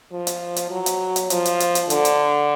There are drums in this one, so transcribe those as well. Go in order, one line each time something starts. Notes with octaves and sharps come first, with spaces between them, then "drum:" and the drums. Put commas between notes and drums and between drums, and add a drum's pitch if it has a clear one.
F3
drum: hi-hat
drum: hi-hat
F#3
drum: hi-hat
drum: hi-hat
F3, drum: hi-hat
drum: hi-hat
drum: hi-hat
drum: hi-hat
D3, drum: hi-hat
drum: hi-hat